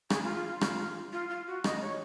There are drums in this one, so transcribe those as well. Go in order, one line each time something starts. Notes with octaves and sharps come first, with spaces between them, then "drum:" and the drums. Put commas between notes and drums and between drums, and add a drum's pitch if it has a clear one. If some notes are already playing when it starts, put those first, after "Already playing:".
G#4, drum: rim click
F4
F4
F4
drum: rim click
F4
F4
F#4
D#5, drum: rim click
C#5